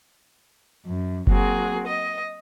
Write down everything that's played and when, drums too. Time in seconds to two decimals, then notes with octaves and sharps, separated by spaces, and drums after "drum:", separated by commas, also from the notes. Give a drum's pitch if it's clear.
0.86 F#2
1.27 F#3 A#3 C4 F#4 G#4, drum: kick F#1
1.86 D#5